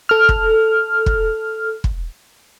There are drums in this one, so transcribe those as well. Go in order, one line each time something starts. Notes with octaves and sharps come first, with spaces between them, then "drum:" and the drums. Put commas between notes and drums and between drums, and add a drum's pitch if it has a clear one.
A4 F6
drum: kick
drum: kick
drum: kick